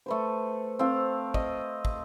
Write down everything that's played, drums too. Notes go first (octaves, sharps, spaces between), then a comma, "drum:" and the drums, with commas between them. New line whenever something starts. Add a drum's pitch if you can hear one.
A3 B4 C5
C4 A4 F5
D#5, drum: kick
drum: kick